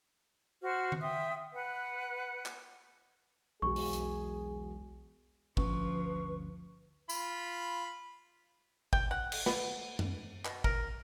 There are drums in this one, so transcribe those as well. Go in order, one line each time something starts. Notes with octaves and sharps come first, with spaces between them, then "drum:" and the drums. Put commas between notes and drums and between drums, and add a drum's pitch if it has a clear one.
F#4 C5 F#5 F6
drum: tom D#3
E5 G5 C6 D#6
B4 F#5
drum: clap
E1 B1 F#4 G#4 C#6
drum: open hi-hat
drum: hi-hat
G1 D2 F3 C#4 B4 C#6, drum: kick
F4 B5, drum: tambourine
G5, drum: kick
F#5
drum: cymbal
B3, drum: snare
drum: tom F#2
B2, drum: clap
A#4, drum: kick